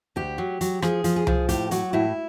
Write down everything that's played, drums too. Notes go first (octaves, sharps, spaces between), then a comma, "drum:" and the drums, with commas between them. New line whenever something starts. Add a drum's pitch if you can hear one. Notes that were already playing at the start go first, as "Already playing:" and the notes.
D2 G4
F#3
F#3, drum: hi-hat
F3 G#4, drum: rim click
F3, drum: hi-hat
G#4
F3, drum: tom C2
A2 G4, drum: hi-hat
F#3 F#4, drum: hi-hat
A2 E4